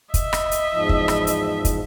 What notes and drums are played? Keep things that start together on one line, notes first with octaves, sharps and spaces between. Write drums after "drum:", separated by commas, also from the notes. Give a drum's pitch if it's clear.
D#5 E5, drum: kick, hi-hat
drum: rim click
drum: hi-hat
E2 G#2 F3
drum: kick
drum: rim click
drum: hi-hat
drum: kick, hi-hat